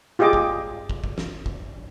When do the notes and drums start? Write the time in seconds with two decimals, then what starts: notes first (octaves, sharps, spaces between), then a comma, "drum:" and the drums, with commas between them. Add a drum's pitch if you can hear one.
0.19 F4 G4 G#4 D#5 D6
0.33 drum: kick
0.90 drum: kick
1.04 drum: kick
1.18 drum: snare
1.46 drum: kick